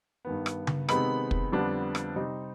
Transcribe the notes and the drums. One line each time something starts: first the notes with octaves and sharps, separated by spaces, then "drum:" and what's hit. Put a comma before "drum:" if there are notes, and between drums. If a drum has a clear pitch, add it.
G2 D#3 B3
drum: rim click
drum: tom C#3
C3 D#3 G#3 B3 D#4 B5, drum: rim click
drum: kick
F2 D3 G3 B3 D4
drum: rim click
C3 G3 C4 D#4